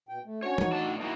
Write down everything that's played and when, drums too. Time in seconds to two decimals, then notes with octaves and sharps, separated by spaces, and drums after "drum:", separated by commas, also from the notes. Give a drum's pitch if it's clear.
0.09 B2 G5
0.24 A3
0.43 C#4 D4 F#4 C#5
0.58 D#4 F#4, drum: tom E3
0.72 A2 D4 A5
1.00 A#3 D#4 E4 F#4